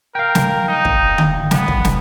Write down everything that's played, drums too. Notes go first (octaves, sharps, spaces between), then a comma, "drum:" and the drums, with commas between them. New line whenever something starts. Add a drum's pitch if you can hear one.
A#4 F5 G5
drum: snare
D#4
drum: kick
drum: tom D3
B3, drum: snare
drum: kick
drum: snare